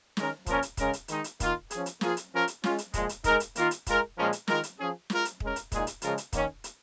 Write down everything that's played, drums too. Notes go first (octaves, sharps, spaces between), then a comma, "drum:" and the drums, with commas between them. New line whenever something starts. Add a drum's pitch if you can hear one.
D#3 G#3 C#4 A#4, drum: snare
A#2 F3 C#4 A#4, drum: kick, hi-hat
drum: hi-hat
C#3 G#3 C#4 A#4, drum: kick, hi-hat
drum: hi-hat
D#3 G#3 D#4, drum: hi-hat
drum: hi-hat
D#3 A#3 F4, drum: kick, hi-hat
F3 C#4 G#4, drum: hi-hat
drum: hi-hat
F3 A#3 F4 G#4, drum: snare
drum: hi-hat
F3 C#4 F4 A#4
drum: hi-hat
G#3 C#4 F4, drum: snare
drum: hi-hat
A#2 F3 G#3, drum: kick, hi-hat
drum: hi-hat
G#3 D#4 A#4, drum: kick, hi-hat
drum: hi-hat
D#3 A#3 F4 A#4, drum: hi-hat
drum: hi-hat
G#3 F4 A#4, drum: kick, hi-hat
A#2 F3 G#3 C#4 A#4
drum: hi-hat
D#3 G#3 F4 A#4, drum: snare
drum: hi-hat
F3 C#4 G#4
G#3 F4 A#4, drum: snare
drum: hi-hat
G#3 C#4 A#4, drum: kick
drum: hi-hat
A#2 G#3 D#4 G#4, drum: kick, hi-hat
drum: hi-hat
C#3 F3 G#3 F4 A#4, drum: hi-hat
drum: hi-hat
D#3 A#3 C#4, drum: kick, hi-hat
drum: hi-hat